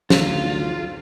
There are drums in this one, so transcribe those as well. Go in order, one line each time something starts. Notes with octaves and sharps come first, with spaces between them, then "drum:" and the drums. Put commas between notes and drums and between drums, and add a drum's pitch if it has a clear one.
D2 F4, drum: snare